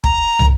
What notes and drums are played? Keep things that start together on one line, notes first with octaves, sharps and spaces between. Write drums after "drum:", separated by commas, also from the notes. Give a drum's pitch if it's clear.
A#5, drum: kick
drum: tom